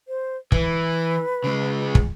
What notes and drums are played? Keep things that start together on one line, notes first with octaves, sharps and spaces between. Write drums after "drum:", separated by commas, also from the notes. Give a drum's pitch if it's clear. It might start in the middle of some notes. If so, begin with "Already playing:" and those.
C5
E3 B4, drum: kick
C#3 G#3
drum: kick